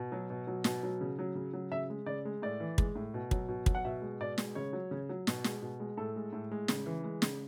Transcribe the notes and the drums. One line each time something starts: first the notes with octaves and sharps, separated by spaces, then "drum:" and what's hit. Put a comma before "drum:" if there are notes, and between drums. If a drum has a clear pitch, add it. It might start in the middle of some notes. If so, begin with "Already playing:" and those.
Already playing: B2
F#3
B2
F#3
B2, drum: snare
F#3
C#3
F#3
C#3
F#3
C#3 E5
G#3
C#3 D5
G#3
A2 D5
E3
G#3, drum: kick
A2
B2
F#3, drum: kick
B2
F#3, drum: kick
F#5
B2 E5
G#3
B2 D5
G#3, drum: snare
C#3 C#5
F#3
C#3
F#3
B2, drum: snare
G#3, drum: snare
B2
G#3
A2 A4
G#3
A2
G#3
C#3, drum: snare
E3
G#3
C#3, drum: snare